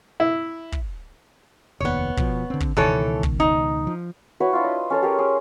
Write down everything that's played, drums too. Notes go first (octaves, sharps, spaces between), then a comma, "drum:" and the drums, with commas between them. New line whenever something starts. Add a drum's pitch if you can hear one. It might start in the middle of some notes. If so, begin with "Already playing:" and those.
E4
drum: kick
F1 D#2 B3 C#5
B2 F3, drum: kick
D3 C4
drum: kick
C#2 B2 D#3 E3 A4 C#5
drum: kick
D#4
F3
E4 F#4 B4 C#5
D4 E4 F4
D#5
C#4 A4 C#5
G4 G#4 A#4 G5
G#4